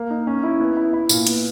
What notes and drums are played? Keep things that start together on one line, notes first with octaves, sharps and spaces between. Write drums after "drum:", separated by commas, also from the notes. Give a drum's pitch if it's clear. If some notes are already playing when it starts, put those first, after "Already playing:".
Already playing: A#3
D#4
C#4
E4
B3
E4
E4
A#2, drum: tambourine
B3, drum: hi-hat